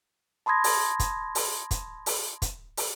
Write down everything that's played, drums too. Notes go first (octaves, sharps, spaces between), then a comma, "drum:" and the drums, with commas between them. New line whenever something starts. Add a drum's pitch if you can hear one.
A5 B5 C6 D#6 G#6 A#6
drum: open hi-hat
drum: kick, hi-hat
drum: open hi-hat
drum: kick, hi-hat
drum: open hi-hat
drum: kick, hi-hat
drum: open hi-hat